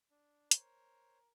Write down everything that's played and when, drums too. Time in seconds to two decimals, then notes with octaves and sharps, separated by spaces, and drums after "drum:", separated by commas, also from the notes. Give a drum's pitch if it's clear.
0.11 D4
0.51 A#4 C5 C#5, drum: hi-hat